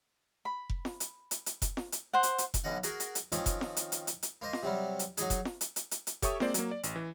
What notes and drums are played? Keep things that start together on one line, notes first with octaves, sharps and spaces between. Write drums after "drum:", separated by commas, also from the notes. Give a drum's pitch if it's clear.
B5
drum: kick F1
drum: snare
drum: hi-hat
drum: hi-hat
drum: hi-hat
drum: kick F1, hi-hat
drum: snare
drum: hi-hat
C5 F#5
drum: hi-hat
drum: hi-hat
drum: kick F1, hi-hat
B1 D3 C#4 D#5 F#5
F#4 G#4 A#4, drum: hi-hat
drum: hi-hat
drum: hi-hat
D#3 F3 C4 C#4, drum: hi-hat
drum: kick F1, hi-hat
drum: snare
drum: hi-hat
drum: hi-hat
drum: hi-hat
drum: hi-hat
A#3 C5 D#5
drum: snare
C3 F#3 G3
drum: hi-hat
F#3 D#4 G#4, drum: hi-hat
drum: kick F1, hi-hat
drum: snare
drum: hi-hat
drum: hi-hat
drum: hi-hat
drum: hi-hat
G4 A4 C#5 E5 C#6 D#6, drum: kick F1, hi-hat
G#3 A#3 C4 C5 D5, drum: snare
F#3 A#3, drum: hi-hat
D5
A1, drum: hi-hat
E3